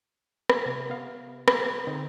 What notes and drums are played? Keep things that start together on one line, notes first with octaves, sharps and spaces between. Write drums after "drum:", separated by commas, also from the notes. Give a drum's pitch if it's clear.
drum: rim click
C3
B3 F5
drum: rim click
G#4 A#5
D3 C4 D#4